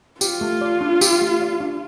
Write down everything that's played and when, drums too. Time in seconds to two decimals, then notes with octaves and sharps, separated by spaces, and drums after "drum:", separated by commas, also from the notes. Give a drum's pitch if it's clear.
0.21 F4 G4, drum: tambourine
0.41 A3
0.61 D5
0.81 D4
1.01 G4, drum: tambourine
1.22 A3
1.41 D5
1.60 D4